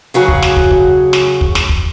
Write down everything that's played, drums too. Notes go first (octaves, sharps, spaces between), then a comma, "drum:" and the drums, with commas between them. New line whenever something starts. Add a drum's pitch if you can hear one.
C#3 F#3 F#4 G#4
drum: kick
drum: snare
drum: kick
drum: kick
drum: snare
drum: kick
drum: snare
drum: kick